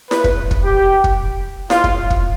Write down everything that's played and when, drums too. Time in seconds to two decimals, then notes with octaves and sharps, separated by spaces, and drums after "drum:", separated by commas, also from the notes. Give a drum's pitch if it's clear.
0.11 B4, drum: snare E4
0.24 drum: kick
0.51 drum: kick
0.64 G4
1.04 drum: kick
1.70 F4, drum: snare E4
1.84 drum: kick
2.10 drum: kick